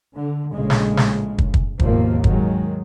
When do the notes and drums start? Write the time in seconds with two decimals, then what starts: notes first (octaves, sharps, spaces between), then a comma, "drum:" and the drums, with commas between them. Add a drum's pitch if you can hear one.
0.15 D3
0.53 A#1 A2 C#3 G#3
0.70 drum: snare
0.97 drum: snare
1.38 drum: kick
1.54 drum: kick
1.80 G#1 D#2 B2 F3 A#3, drum: kick
2.24 D#3 F#3 G#3, drum: kick